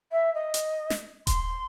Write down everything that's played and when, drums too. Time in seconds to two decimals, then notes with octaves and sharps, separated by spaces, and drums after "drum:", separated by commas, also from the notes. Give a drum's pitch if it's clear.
0.12 E5
0.34 D#5
0.54 drum: hi-hat
0.90 drum: snare
1.27 C6, drum: kick D#1, hi-hat